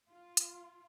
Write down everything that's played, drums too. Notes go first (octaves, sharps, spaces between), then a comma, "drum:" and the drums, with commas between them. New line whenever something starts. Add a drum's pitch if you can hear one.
F4
drum: hi-hat